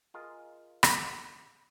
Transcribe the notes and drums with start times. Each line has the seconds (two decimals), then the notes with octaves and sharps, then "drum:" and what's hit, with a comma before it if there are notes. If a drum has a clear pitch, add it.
0.14 F4 G#4 A#4 D#5 F5
0.83 drum: rim click